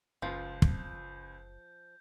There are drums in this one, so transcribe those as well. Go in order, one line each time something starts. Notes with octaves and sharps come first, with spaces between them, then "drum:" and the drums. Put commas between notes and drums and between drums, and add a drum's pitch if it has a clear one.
F#1 C#2 F3 F4 G6
drum: kick